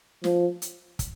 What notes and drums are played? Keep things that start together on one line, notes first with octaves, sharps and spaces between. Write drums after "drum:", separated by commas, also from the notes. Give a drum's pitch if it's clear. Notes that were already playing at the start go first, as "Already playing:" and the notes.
F3, drum: snare
drum: hi-hat
drum: kick, hi-hat